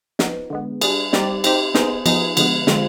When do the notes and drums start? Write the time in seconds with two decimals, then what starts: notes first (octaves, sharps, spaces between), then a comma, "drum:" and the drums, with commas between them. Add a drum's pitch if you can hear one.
0.19 F3 B3 D#4, drum: snare
0.50 D3 G#3 B3
0.81 G3 D4 G#4, drum: cymbal
1.13 G3 C4 D#4 G4 D5, drum: snare
1.44 C4 D#4 G4 C5, drum: cymbal
1.75 B3 D#4 G#4 C5, drum: snare
2.06 F3 B3 D#4 G#4, drum: cymbal
2.37 D3 F3 G#3 B3, drum: cymbal
2.67 D3 F3 G#3 C4 F4, drum: snare